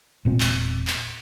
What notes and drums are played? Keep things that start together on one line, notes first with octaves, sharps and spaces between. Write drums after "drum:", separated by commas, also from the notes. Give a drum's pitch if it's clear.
E1 A#2 C4
drum: clap
drum: clap